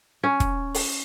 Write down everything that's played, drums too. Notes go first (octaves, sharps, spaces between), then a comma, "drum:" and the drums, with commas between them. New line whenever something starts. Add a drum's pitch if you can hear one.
C#4
drum: kick, hi-hat
drum: open hi-hat